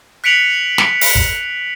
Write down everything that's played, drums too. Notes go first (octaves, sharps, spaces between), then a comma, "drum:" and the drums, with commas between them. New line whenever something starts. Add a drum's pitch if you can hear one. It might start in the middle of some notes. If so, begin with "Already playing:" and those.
F#6 B6 C#7 D7 F7 F#7
drum: snare
drum: open hi-hat
drum: kick